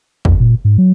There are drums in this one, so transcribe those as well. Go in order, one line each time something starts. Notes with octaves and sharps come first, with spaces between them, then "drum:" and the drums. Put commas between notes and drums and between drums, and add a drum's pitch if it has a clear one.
F2, drum: kick
A#2
G#2
F#3